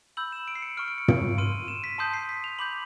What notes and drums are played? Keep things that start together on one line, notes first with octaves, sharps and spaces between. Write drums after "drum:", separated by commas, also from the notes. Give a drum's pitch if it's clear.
B5 E6 G6 F#7
E7
D7
C7
C#7
C#6 F6 D7
D7
C#7
D7, drum: tom
C6 F6 D#7
E7
B6
A5 C6 D#6 G6 C7
C7
B6
F7
B5 D6 G6 F#7